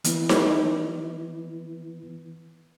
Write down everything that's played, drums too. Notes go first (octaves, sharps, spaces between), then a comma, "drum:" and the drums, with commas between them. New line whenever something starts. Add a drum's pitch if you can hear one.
E3 B3 E4 B4, drum: hi-hat
drum: snare D#4